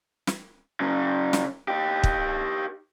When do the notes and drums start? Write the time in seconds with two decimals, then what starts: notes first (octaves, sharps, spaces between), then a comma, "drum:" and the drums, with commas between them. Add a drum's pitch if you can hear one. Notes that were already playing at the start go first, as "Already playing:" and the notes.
0.27 drum: snare
0.80 C#3 F#3
1.33 drum: snare
1.68 D#4 G4
2.03 drum: kick